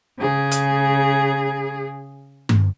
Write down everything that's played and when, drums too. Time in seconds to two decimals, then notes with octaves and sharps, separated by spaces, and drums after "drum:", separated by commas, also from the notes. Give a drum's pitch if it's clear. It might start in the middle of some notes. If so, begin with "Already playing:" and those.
0.19 C#3 G#4
0.52 drum: hi-hat
2.49 drum: tom G2